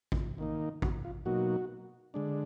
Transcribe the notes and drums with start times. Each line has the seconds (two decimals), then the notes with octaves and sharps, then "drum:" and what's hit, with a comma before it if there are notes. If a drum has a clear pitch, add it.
0.12 drum: kick A1
0.38 D#3 A#3 D#4
0.82 F#4, drum: kick A1
1.05 F4
1.25 B2 F#3 A#3 D#4 F#4
2.14 D3 G#3 D4